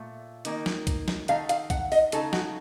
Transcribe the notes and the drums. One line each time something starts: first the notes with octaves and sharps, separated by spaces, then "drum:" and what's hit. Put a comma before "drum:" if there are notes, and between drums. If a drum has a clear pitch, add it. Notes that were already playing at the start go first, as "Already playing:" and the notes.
Already playing: A#2 A3
D#3 A#3 D#4, drum: hi-hat
drum: snare
drum: kick B1, hi-hat
drum: snare
D#3 A3 D#4 F5, drum: hi-hat
F5, drum: hi-hat
F#5, drum: kick B1, hi-hat
D#5, drum: open hi-hat
C#3 A3 D#4 A4, drum: hi-hat
F#4, drum: snare